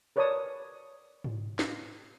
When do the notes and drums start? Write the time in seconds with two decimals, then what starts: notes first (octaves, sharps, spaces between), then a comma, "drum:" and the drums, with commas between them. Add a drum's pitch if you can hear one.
0.16 A#4 B4 C#5 D5 A5 D#6
1.24 drum: tom G#2
1.59 drum: snare